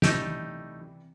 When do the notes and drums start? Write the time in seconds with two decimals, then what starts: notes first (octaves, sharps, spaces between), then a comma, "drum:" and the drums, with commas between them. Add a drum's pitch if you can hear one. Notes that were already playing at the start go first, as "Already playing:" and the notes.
0.02 C3 E3 G3 A3 D#4 G4, drum: snare